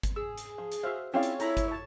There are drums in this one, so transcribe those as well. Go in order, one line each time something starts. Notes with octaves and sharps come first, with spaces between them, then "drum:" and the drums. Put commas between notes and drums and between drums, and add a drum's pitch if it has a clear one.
drum: kick G1, hi-hat
G#4 E6
drum: hi-hat
F3
drum: hi-hat
F#4 C5 E5 F5
C4 C#4 E4 F4 G#4 C#5 D5 F5
drum: hi-hat
E4 A4 A#5 B5, drum: hi-hat
drum: kick G1, hi-hat
C#5 A5